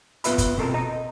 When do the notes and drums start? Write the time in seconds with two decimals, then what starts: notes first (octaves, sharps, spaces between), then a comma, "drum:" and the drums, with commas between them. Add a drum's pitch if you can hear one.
0.24 B3 F4 B4 E5 B5, drum: hi-hat
0.38 drum: kick, hi-hat
0.57 B2 C4 A4 A#4
0.74 D#5 A#5